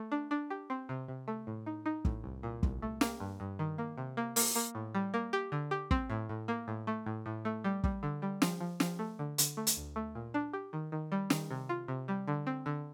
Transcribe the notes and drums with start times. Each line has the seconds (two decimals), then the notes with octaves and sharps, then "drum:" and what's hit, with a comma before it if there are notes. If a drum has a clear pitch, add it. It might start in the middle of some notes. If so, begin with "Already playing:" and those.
Already playing: A3
0.12 D4
0.31 D4
0.50 G4
0.70 C4
0.89 C3
1.08 C3
1.28 A3
1.47 A2
1.66 D#4
1.86 D#4
2.05 A2, drum: kick
2.24 C2
2.43 A#2
2.63 C2, drum: kick
2.82 A3
3.01 A#3, drum: snare
3.20 G2
3.40 G2
3.59 D#3
3.78 A#3
3.98 C3
4.17 A#3
4.36 A#3, drum: open hi-hat
4.56 A#3
4.75 A2
4.95 G3
5.14 A#3
5.33 G4
5.52 D3
5.71 G4
5.91 C4, drum: kick
6.10 A2
6.29 A2
6.48 A#3
6.68 A2
6.87 A3
7.06 A2
7.26 A2
7.45 A3
7.64 G3
7.84 G3, drum: kick
8.03 D3
8.22 G3
8.42 F3, drum: snare
8.61 F3
8.80 F3, drum: snare
8.99 A3
9.19 D3
9.38 D3, drum: hi-hat
9.57 A3
9.67 drum: hi-hat
9.77 D2
9.96 A3
10.15 A#2
10.34 D4
10.53 G4
10.73 D#3
10.92 D#3
11.12 G3
11.30 D#3, drum: snare
11.51 C3
11.69 F4
11.88 C3
12.08 G3
12.28 D3
12.47 C4
12.66 D3